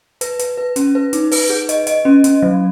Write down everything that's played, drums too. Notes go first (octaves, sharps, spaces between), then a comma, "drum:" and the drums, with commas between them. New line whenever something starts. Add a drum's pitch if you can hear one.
B4, drum: hi-hat
B4, drum: hi-hat
B4
C#4, drum: hi-hat
B4
D#4, drum: hi-hat
B4, drum: open hi-hat
G#4
D#5, drum: hi-hat
D#5, drum: hi-hat
C#4
C#4, drum: hi-hat
F#3